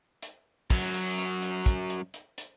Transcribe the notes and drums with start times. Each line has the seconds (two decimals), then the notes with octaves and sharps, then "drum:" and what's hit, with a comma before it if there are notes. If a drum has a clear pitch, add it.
0.23 drum: hi-hat
0.70 F#2 F#3, drum: kick, hi-hat
0.94 drum: hi-hat
1.18 drum: hi-hat
1.42 drum: hi-hat
1.66 drum: kick, hi-hat
1.90 drum: hi-hat
2.14 drum: hi-hat
2.38 drum: hi-hat